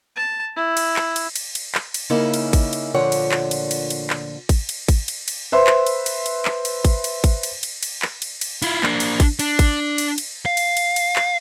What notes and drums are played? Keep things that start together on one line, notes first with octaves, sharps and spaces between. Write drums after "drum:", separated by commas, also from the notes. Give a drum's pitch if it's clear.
A5
E4
drum: cymbal
drum: clap
drum: cymbal
drum: cymbal
drum: cymbal
drum: clap
drum: cymbal
C#3 A#3 C#4 D#4 E4
drum: cymbal
drum: kick G#1, cymbal
drum: cymbal
D2 A#2 D3 F3 C#5 F#5
drum: cymbal
drum: clap
drum: cymbal
drum: cymbal
drum: cymbal
drum: clap
drum: kick G#1, cymbal
drum: cymbal
drum: kick G#1, cymbal
drum: cymbal
drum: cymbal
B4 C5 E5 C6
drum: clap
drum: cymbal
drum: cymbal
drum: cymbal
drum: clap
drum: cymbal
drum: kick G#1, cymbal
drum: cymbal
drum: kick G#1, cymbal
drum: cymbal
drum: cymbal
drum: cymbal
drum: clap
drum: cymbal
drum: cymbal
E4 F4, drum: cymbal
A#3 D4, drum: clap
drum: cymbal
drum: kick G#1, cymbal
D4, drum: cymbal
drum: kick G#1, cymbal
drum: cymbal
drum: cymbal
F5
drum: cymbal
drum: cymbal
drum: cymbal
drum: clap